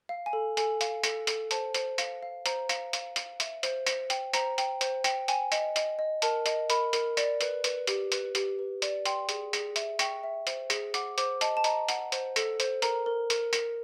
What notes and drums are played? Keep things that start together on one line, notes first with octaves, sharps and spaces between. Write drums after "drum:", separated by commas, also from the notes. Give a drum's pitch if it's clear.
F5
G#5
A4
A4 G#5, drum: hi-hat
F5, drum: hi-hat
A4, drum: hi-hat
A4, drum: hi-hat
C5 A5, drum: hi-hat
C5, drum: hi-hat
F5, drum: hi-hat
F5
C5 A#5, drum: hi-hat
F5, drum: hi-hat
F5, drum: hi-hat
F5, drum: hi-hat
E5, drum: hi-hat
C5, drum: hi-hat
C5, drum: hi-hat
G5, drum: hi-hat
C5 A#5, drum: hi-hat
G5, drum: hi-hat
C5, drum: hi-hat
G5, drum: hi-hat
G5 G#5, drum: hi-hat
D#5, drum: hi-hat
D#5, drum: hi-hat
D#5
A#4 A5, drum: hi-hat
D#5, drum: hi-hat
A#4 B5, drum: hi-hat
A#4, drum: hi-hat
D5, drum: hi-hat
B4, drum: hi-hat
B4, drum: hi-hat
G4, drum: hi-hat
B4, drum: hi-hat
G4, drum: hi-hat
B4
D5, drum: hi-hat
G5 C6, drum: hi-hat
G#4, drum: hi-hat
G#4, drum: hi-hat
E5, drum: hi-hat
G5 C#6, drum: hi-hat
E5
C5, drum: hi-hat
G#4, drum: hi-hat
F#5 D6, drum: hi-hat
C5 D6, drum: hi-hat
D#5 A5, drum: hi-hat
A5
D#5 A#5, drum: hi-hat
F#5, drum: hi-hat
C5, drum: hi-hat
A4, drum: hi-hat
C5, drum: hi-hat
A#4 A#5, drum: hi-hat
A#4
A#4, drum: hi-hat
A#4, drum: hi-hat